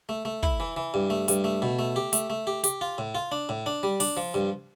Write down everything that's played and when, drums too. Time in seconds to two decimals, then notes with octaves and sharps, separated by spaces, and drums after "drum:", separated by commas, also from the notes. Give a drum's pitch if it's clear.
0.09 A3
0.25 A3
0.43 E4, drum: kick
0.60 E3
0.77 E3
0.94 G2
1.10 A3
1.28 G2, drum: hi-hat
1.44 A3
1.62 B2
1.79 A3
1.96 G4
2.13 A3, drum: hi-hat
2.30 A3
2.47 G4
2.64 G4, drum: hi-hat
2.81 F4
2.98 A2
3.15 F4
3.32 D4
3.49 A2
3.66 D4
3.83 G3
4.00 D4, drum: open hi-hat
4.17 F3
4.34 G2